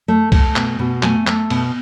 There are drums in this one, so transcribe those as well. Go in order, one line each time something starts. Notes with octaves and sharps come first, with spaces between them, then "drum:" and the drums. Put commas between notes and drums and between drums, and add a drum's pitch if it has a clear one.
A3
A3, drum: kick, cymbal
B2, drum: clap
B2
A3 G#5, drum: clap
A3, drum: clap
B2, drum: cymbal